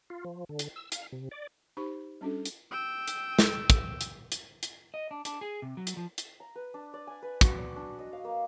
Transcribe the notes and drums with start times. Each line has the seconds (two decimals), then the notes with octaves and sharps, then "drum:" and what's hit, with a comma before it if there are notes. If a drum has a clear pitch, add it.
0.10 F4
0.25 F3
0.49 D3
0.59 drum: hi-hat
0.76 E6
0.92 F5, drum: hi-hat
1.13 C3
1.31 D5
1.77 D#4 G4 C5 B5 C#6
2.21 G3 C#4 D4 F#4 A4
2.45 drum: hi-hat
2.72 G5 E6
3.08 drum: hi-hat
3.39 drum: snare
3.70 drum: kick, hi-hat
4.01 drum: hi-hat
4.32 drum: hi-hat
4.63 drum: hi-hat
4.94 D#5
5.11 D4
5.25 D4, drum: hi-hat
5.41 G#4
5.62 C3
5.77 F#3
5.87 drum: hi-hat
5.97 F3
6.18 drum: hi-hat
6.40 A#5
6.55 B4
6.74 D4
6.94 D5
7.07 G#5
7.22 B4
7.41 F#4, drum: kick, hi-hat
7.58 D5
7.76 D4
7.98 D#5
8.13 F5
8.25 A#3